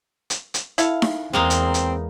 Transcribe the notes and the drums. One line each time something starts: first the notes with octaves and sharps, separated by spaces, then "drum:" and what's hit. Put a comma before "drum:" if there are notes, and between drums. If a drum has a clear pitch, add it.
drum: hi-hat
drum: hi-hat
E4 A4 F5, drum: hi-hat
drum: snare D#4
E2 G#3 A#3 C4 D#4
drum: hi-hat
drum: hi-hat